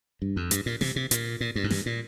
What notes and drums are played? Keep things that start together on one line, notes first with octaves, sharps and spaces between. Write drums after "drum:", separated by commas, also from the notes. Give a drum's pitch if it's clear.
G2
F2
G2, drum: hi-hat
A#2
C3, drum: snare
C3
A#2, drum: hi-hat
A#2
G2
G#2
G2, drum: snare
A#2